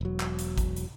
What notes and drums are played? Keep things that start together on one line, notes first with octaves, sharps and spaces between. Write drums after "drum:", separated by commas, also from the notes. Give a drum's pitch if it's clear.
E1 F#3
drum: clap
drum: hi-hat
drum: kick G#1, hi-hat
drum: hi-hat